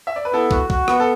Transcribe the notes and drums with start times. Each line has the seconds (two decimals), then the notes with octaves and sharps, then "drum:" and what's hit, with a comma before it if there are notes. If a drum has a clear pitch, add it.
0.07 E5
0.16 D5
0.25 B4
0.33 B3 E4 A4
0.51 F#4, drum: kick
0.70 F#4, drum: kick
0.88 B3, drum: rim click
1.00 A4